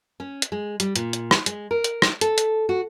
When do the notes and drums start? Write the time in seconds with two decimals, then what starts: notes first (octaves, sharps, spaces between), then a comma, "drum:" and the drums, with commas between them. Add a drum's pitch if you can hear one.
0.20 C#4
0.42 drum: hi-hat
0.52 G#3
0.80 G3, drum: hi-hat
0.96 A#2, drum: hi-hat
1.13 drum: hi-hat
1.31 drum: rim click
1.46 G#3, drum: hi-hat
1.71 A#4
1.84 drum: hi-hat
2.02 drum: rim click
2.21 A4, drum: hi-hat
2.38 drum: hi-hat
2.69 F#4